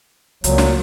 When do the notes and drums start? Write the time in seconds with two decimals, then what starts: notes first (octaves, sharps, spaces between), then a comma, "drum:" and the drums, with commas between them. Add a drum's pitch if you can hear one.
0.44 C#2 A#2 F#3, drum: hi-hat
0.58 drum: snare